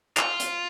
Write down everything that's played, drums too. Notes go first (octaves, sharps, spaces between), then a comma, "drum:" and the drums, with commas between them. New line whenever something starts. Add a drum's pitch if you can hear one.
F4, drum: clap
drum: hi-hat